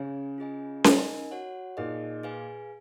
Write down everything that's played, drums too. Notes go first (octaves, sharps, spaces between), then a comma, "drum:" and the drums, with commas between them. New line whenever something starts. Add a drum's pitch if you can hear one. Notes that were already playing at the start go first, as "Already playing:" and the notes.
Already playing: C#3 G#4 C#5 G#5
F4 G#4 D#5 G#5
D#4 A#4 D#5 G#5, drum: snare C#4
F#4 C#5 F#5
A#2 D#4 G#4 D#5
G#4 B4 F5 G#5